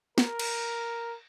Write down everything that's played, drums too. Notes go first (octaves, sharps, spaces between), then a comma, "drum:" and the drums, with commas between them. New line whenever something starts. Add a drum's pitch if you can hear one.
A#4, drum: snare
drum: cymbal